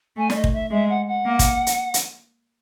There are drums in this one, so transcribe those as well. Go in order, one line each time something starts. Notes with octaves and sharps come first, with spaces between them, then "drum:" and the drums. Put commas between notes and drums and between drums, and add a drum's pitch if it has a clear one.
A3 G#5
D5, drum: snare
D#5
drum: kick
E5
G#3 E5
F#5
F#5
A#3
drum: kick, hi-hat
drum: hi-hat
drum: hi-hat